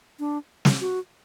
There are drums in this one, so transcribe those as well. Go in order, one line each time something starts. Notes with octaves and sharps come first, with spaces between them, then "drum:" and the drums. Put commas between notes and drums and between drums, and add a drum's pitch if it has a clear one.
D4
drum: snare
F#4